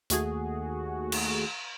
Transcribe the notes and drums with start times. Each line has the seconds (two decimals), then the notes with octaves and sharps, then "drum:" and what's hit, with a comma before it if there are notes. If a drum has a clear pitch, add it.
0.10 D#2 A3 F#4 G#4, drum: hi-hat
1.12 drum: cymbal